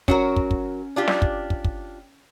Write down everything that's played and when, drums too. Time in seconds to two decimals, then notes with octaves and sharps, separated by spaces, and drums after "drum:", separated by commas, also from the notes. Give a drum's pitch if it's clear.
0.08 F#3 C#4 F#4 A#4, drum: kick
0.36 drum: kick
0.51 drum: kick
0.96 D4 F4 G4
1.08 drum: snare
1.22 drum: kick
1.50 drum: kick
1.64 drum: kick